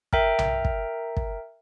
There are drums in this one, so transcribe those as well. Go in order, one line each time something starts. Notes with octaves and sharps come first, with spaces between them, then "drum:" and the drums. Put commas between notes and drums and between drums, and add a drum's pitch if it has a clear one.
A#4 E5 G5 A#5 F6, drum: kick
drum: tom B1
drum: kick
drum: kick